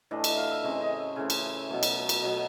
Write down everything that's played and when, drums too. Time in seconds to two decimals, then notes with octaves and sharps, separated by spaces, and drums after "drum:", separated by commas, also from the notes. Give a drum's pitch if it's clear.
0.11 A2 E3 A3 D4 D#5
0.24 drum: cymbal
0.37 F5
0.50 E5
0.63 C#3 E3 A3 C4 D#5
0.81 D#5
0.99 E5
1.16 C#3 E3 A3 C4
1.30 drum: cymbal
1.70 B2 F#3 A3
1.83 drum: cymbal
2.09 drum: cymbal
2.22 B2 F#3 A3 D#5